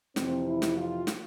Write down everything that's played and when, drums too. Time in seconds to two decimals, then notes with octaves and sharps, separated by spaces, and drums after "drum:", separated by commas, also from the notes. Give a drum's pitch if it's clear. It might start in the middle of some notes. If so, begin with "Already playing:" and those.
0.16 F2 C3 E3 C4, drum: snare
0.47 E4
0.62 drum: snare
0.77 F4
1.07 drum: snare